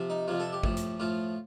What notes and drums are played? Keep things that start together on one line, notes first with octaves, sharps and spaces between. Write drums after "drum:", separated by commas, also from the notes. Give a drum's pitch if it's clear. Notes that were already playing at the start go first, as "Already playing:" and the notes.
Already playing: C3 F3
D#4
F2 C3 F3 F4
A4
G4
A2 F3, drum: kick G#1
drum: hi-hat
A2 F3 F4